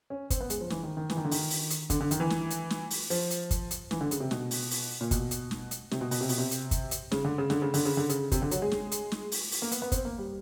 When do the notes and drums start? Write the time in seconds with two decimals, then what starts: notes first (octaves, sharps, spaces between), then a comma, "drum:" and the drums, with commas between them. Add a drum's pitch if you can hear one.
0.10 C#4
0.30 C4, drum: kick, hi-hat
0.40 B3
0.50 G#3, drum: hi-hat
0.61 F3
0.70 E3, drum: snare
0.83 D#3
0.97 D#3
1.10 E3, drum: snare
1.17 D#3
1.24 D3
1.31 D#3, drum: open hi-hat
1.50 drum: open hi-hat
1.70 drum: hi-hat
1.90 D3, drum: kick, hi-hat
2.01 D3
2.11 D#3, drum: hi-hat
2.20 E3
2.30 drum: snare
2.50 drum: hi-hat
2.70 drum: snare
2.90 drum: open hi-hat
3.10 F3, drum: open hi-hat
3.31 drum: hi-hat
3.51 drum: kick, hi-hat
3.71 drum: hi-hat
3.91 E3, drum: snare
4.01 D3
4.11 C#3, drum: hi-hat
4.20 C3
4.31 B2, drum: snare
4.51 drum: open hi-hat
4.71 drum: open hi-hat
5.01 A#2
5.11 B2, drum: kick, hi-hat
5.31 drum: hi-hat
5.51 drum: snare
5.71 drum: hi-hat
5.91 C3, drum: snare
6.01 B2
6.11 B2, drum: open hi-hat
6.21 C3
6.29 B2, drum: open hi-hat
6.38 C3
6.51 drum: hi-hat
6.71 drum: kick, hi-hat
6.91 drum: hi-hat
7.12 C#3, drum: snare
7.25 D3
7.38 C#3
7.50 D3, drum: snare
7.62 C#3
7.74 D3, drum: open hi-hat
7.86 C#3
7.97 D3
8.09 C#3, drum: hi-hat
8.32 C3, drum: kick, hi-hat
8.42 D3
8.51 F#3, drum: hi-hat
8.62 G#3
8.71 drum: snare
8.92 drum: hi-hat
9.12 drum: snare
9.32 drum: open hi-hat
9.52 drum: open hi-hat
9.62 A#3
9.71 B3, drum: hi-hat
9.82 B3
9.92 C4, drum: kick, hi-hat
10.05 A#3
10.18 G3